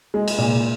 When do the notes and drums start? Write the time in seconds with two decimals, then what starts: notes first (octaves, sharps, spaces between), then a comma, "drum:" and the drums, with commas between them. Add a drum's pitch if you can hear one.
0.14 G#3
0.28 drum: cymbal
0.38 A#2